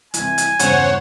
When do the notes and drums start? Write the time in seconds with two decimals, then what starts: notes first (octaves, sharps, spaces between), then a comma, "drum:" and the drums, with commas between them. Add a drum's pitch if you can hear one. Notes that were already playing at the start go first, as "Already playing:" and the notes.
0.14 C2 E3 G#5, drum: hi-hat
0.38 drum: hi-hat
0.59 E2 G2 C#3 C5 C#5 F#5, drum: hi-hat